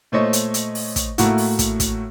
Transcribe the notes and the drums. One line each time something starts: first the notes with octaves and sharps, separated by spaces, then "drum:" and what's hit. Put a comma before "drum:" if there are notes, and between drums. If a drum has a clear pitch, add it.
A#2 A3 C5 C#5 D#5
drum: hi-hat
drum: hi-hat
drum: open hi-hat
drum: kick, hi-hat
A2 A3 A#3 E4 F#4, drum: hi-hat
drum: open hi-hat
drum: kick, hi-hat
drum: kick, hi-hat